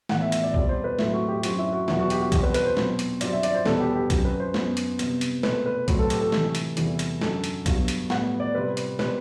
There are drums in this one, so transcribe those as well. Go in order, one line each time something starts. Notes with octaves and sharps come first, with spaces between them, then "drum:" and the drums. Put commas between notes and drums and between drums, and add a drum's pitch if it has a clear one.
A2 E3 B3 F#5, drum: snare
E5
E5, drum: hi-hat
D5
E2 B2 G3 C4 D5, drum: kick B1
C5
B4
A2 F#3 A3 C4 E4, drum: snare
F#4
G4
F#2 F#3 C4 F#4, drum: hi-hat
E4
F#4
E2 B2 F#3 B3 E4, drum: snare
F#4
G4, drum: hi-hat
F#4
E2 B2 G3 C4 G4, drum: kick B1, hi-hat
B4
B4, drum: hi-hat
C5
B2 F#3 C4, drum: snare
drum: hi-hat
G2 F#3 C4 D5, drum: hi-hat
E5
D5, drum: hi-hat
C5
E2 B2 G3 B3 A4, drum: snare
G4
G4
F#2 F#3 C4, drum: kick B1, hi-hat
B4
C5
F#2 F#3 B3, drum: snare
drum: hi-hat
C3 G3 B3, drum: hi-hat
drum: hi-hat
B2 A3 C4 B4, drum: snare
B4
A2 F#3 C4 B4, drum: kick B1, hi-hat
A4
G4, drum: hi-hat
A4
C3 E3 A3, drum: snare
drum: hi-hat
E2 C3 E3 G3, drum: hi-hat
drum: hi-hat
F#2 D3 F#3 A4, drum: snare
drum: hi-hat
G2 F#3 B3, drum: kick B1, hi-hat
drum: hi-hat
A2 G3 B3 F#5, drum: snare
D5
C3 G3 C4 B4
drum: hi-hat
B2 G3 C4 B4, drum: snare